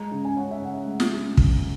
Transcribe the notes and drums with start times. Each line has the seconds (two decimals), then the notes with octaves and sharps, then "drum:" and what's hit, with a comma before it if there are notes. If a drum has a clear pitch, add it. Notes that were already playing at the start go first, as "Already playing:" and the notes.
Already playing: G#3 A#5
0.12 C#3
0.25 G#5
0.36 C#4 F#5
0.51 E5
0.62 C#3 F#5
0.86 G#3
1.00 drum: snare
1.37 drum: kick